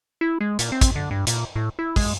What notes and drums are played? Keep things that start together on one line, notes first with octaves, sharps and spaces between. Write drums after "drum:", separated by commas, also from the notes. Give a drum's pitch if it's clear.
E4
G#3
A#2, drum: hi-hat
C4
drum: kick, hi-hat
D3
G2
A#2, drum: hi-hat
A2
E4
G#3, drum: kick, open hi-hat